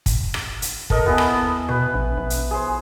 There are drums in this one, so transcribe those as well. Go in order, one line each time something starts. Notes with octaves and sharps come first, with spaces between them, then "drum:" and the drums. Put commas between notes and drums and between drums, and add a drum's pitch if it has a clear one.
drum: kick, hi-hat
drum: rim click
drum: hi-hat
A4 A#4 D#5, drum: kick
D#2 B3 E4 G#5
drum: rim click
B2 B4
A#1
A#1
drum: hi-hat
G#4 C5